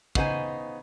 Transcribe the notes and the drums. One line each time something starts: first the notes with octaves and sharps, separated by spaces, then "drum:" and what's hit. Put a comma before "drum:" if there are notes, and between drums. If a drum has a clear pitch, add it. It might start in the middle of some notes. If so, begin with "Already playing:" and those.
C#3 B3 D#4 G4 C5 G#5, drum: kick